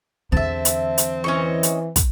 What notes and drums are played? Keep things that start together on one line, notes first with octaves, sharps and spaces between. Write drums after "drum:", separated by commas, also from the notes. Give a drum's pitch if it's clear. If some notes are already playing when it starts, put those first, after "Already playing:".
E2 D3 C4 E5 A5
drum: hi-hat
drum: hi-hat
E3 C#4 D#5 C#6
drum: hi-hat
drum: kick, hi-hat